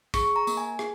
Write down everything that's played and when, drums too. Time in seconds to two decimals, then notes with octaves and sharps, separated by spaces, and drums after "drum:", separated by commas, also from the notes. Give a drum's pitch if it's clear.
0.14 G#4 C#6, drum: kick, tambourine
0.36 A#5
0.47 A#3, drum: tambourine
0.57 G#5
0.79 G#4, drum: rim click